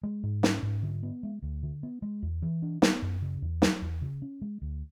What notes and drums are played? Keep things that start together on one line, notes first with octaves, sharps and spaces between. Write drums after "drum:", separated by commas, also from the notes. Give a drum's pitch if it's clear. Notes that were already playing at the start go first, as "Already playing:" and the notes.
G#3
G#2
C#4, drum: snare
G#2
D3
B3
G#3
D2
D3
B3
G#3
E2
E3
D4
B3, drum: snare
F#2
C#3
E2
F#3, drum: snare
E2
C#3
C#4
G#3
D2